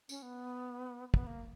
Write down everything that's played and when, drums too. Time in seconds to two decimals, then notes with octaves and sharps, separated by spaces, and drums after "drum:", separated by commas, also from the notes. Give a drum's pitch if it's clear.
0.09 C#4, drum: tambourine
0.22 B3
1.14 B3, drum: kick
1.27 A#3